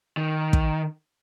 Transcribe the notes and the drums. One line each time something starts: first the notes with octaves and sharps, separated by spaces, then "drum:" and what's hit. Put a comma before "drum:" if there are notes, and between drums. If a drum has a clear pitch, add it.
D#3
drum: kick